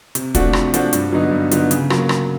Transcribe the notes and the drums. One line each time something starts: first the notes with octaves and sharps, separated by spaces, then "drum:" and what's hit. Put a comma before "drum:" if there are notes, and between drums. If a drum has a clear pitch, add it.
C3, drum: hi-hat
F3 A3 D4 F#4, drum: kick, hi-hat
C3, drum: rim click
F3 A3 D4 F#4, drum: hi-hat
G2, drum: hi-hat
D3 F#3 B3 D#4
G2
D3 F#3 B3 D#4, drum: hi-hat
C#3, drum: hi-hat
F#3 A#3, drum: rim click
C#3, drum: rim click